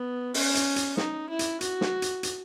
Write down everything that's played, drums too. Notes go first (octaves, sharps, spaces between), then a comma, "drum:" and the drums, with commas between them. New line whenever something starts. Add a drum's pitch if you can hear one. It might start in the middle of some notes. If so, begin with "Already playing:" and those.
Already playing: B3
C#4, drum: open hi-hat
drum: hi-hat
drum: hi-hat
D#4, drum: snare
E4
drum: hi-hat
F#4, drum: hi-hat
drum: snare
drum: hi-hat
drum: hi-hat